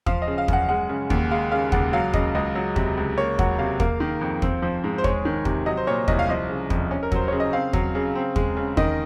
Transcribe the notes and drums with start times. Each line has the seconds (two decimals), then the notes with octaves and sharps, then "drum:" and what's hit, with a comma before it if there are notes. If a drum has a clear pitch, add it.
0.06 F3 F5, drum: kick
0.22 D#5
0.27 C#3
0.38 F5
0.48 F#2 F#5, drum: kick
0.69 G#3 F#5
0.89 C#3
1.10 D#2, drum: kick
1.31 G#3 F5
1.52 C#3 F5
1.72 C#2 F#5, drum: kick
1.93 F#3 F5
2.13 C#3 D#5, drum: kick
2.35 C#2 D#5
2.55 F#3
2.76 C3, drum: kick
2.97 C#2
3.18 A#3 C#5
3.39 F#3 F#5, drum: kick
3.59 C3 F5
3.80 A#3 F5, drum: kick
4.00 D#3
4.21 F2
4.42 C4, drum: kick
4.62 F3
4.84 G#2
4.98 C5
5.04 G#3 C#5, drum: kick
5.25 D#3
5.45 C3, drum: kick
5.66 F#3 D#5
5.77 C5
5.87 A#2 C#5
6.08 C2 D#5, drum: kick
6.19 F5
6.29 F3 D#5
6.49 C#3
6.70 F2, drum: kick
6.91 C#4
7.03 A#4
7.12 F#3 C5, drum: kick
7.28 C#3 C#5
7.40 D#5
7.53 C4 F5
7.73 F#3, drum: kick
7.95 C#3
8.15 C4
8.36 G#3, drum: kick
8.57 C#3
8.77 D#3 D#5, drum: kick